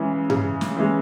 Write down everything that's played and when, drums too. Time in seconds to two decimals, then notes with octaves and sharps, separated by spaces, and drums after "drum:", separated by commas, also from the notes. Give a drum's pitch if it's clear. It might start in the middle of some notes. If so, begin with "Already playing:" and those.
Already playing: C#3 E3 G#3
0.30 C#3, drum: tom G2
0.61 drum: snare
0.77 E3 G#3